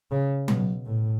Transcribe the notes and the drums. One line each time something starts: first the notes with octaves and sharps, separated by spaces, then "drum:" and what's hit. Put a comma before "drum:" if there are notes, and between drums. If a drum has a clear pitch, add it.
C#3
B2, drum: tom F#3
A2